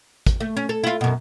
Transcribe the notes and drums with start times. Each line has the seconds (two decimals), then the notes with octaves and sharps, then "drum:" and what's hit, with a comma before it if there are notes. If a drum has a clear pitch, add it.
0.26 drum: kick, hi-hat
0.40 A3
0.57 C#4
0.69 A4
0.84 E4 F4
1.01 F#2 B2